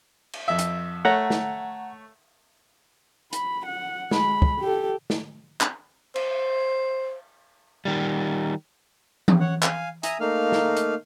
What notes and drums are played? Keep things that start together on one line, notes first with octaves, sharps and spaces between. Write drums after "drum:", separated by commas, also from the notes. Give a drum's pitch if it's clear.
drum: cymbal
F2 E5
drum: hi-hat
A3 C#5 F#5 A#5
drum: snare
B5, drum: hi-hat
F#5
G#3 B5, drum: snare
drum: kick
G4 A4
drum: snare
drum: clap
C5, drum: cymbal
D#3 G3
drum: tom E3
C#5 F#5
F5 G#5, drum: clap
E5 G#5 A#5 D#6, drum: hi-hat
A3 A#3 D#4 F5 F6
drum: snare
drum: hi-hat